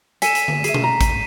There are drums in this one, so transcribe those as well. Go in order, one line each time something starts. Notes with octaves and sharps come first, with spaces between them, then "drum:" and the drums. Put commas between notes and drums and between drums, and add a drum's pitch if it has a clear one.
A4 G#5 B6 D#7 E7, drum: hi-hat
drum: hi-hat
drum: tom D3
G#4 E5 C7 D#7, drum: hi-hat
drum: tom B2
A#5
drum: kick G#1, hi-hat